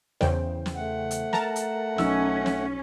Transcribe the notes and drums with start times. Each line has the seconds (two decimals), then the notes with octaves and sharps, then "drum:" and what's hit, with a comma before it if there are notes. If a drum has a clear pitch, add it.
0.21 E2 C#3 C5 G5, drum: snare
0.66 drum: snare
0.76 A3 F#5
1.11 drum: hi-hat
1.33 A#4 A5 A#5, drum: snare
1.56 drum: hi-hat
1.98 B1 C#4 E6, drum: snare
2.46 drum: snare